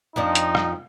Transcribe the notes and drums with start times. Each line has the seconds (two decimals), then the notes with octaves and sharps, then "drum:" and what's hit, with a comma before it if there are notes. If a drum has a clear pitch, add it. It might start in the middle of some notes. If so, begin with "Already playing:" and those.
0.16 F2 F3 D4 D#4
0.35 drum: hi-hat
0.55 drum: rim click